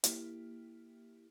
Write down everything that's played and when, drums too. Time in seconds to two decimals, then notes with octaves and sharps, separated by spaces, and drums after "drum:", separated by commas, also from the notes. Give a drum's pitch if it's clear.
0.04 A#3 E4 G4, drum: hi-hat